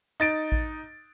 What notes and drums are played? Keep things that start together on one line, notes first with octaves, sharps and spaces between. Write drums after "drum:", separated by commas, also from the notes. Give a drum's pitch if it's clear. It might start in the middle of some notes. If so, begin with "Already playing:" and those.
D#4 A6 D7, drum: hi-hat
drum: kick A1